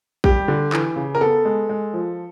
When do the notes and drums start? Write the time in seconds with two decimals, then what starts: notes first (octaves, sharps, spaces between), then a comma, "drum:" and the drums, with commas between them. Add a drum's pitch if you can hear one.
0.24 G3 G4, drum: kick
0.48 D3
0.73 E3, drum: clap
0.96 C#3
1.15 A#4
1.21 B3 A4
1.45 G#3
1.69 G#3
1.94 F3